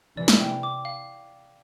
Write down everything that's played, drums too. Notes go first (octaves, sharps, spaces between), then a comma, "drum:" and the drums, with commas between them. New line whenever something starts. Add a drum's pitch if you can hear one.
C3 E3 D5
drum: snare
G5
D6
F5